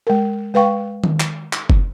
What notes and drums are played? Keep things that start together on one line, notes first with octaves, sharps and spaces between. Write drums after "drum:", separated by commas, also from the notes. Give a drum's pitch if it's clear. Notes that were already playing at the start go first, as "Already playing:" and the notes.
G#3 A#4
G#3 B4 F5 G5 C#6
drum: tom D#3
drum: clap
drum: clap
drum: kick F#1